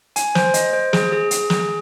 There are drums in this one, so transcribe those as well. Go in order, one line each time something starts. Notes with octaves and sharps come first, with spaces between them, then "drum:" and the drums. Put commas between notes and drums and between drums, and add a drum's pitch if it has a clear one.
G#5, drum: hi-hat
C5, drum: snare
D#5, drum: hi-hat
C5
G#4, drum: snare
G#4
G#4, drum: hi-hat
G#4, drum: snare